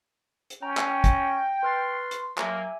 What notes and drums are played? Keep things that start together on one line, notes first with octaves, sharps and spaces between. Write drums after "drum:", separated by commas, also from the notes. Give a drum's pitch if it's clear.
drum: hi-hat
C#4 G5 A#5
drum: clap
A#6, drum: kick, hi-hat
B4 C6 F6 A6
drum: hi-hat
F#3 A#3 G4 A#4 E5 G#5, drum: clap